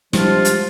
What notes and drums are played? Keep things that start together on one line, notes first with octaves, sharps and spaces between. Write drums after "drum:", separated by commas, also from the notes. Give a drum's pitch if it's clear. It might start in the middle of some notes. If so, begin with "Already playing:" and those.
C3 F3 G3 G#3 D4 F4, drum: snare
drum: hi-hat